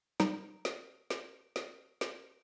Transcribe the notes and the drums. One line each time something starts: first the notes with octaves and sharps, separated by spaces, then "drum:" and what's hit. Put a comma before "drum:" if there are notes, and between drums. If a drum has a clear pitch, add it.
G3 D#4, drum: snare
drum: snare
drum: snare
drum: snare
drum: snare